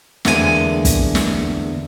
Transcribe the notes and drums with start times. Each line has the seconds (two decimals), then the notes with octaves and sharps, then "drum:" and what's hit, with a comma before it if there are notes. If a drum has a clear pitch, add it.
0.25 E2 D3 G#3 A#3 A4 G#5, drum: snare
0.85 drum: kick, hi-hat
1.15 drum: snare